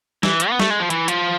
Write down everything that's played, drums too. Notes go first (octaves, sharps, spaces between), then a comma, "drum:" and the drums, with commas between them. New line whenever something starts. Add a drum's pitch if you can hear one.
E3, drum: snare
drum: hi-hat
B3
A3, drum: snare
G#3
F3
E3, drum: hi-hat
F3, drum: hi-hat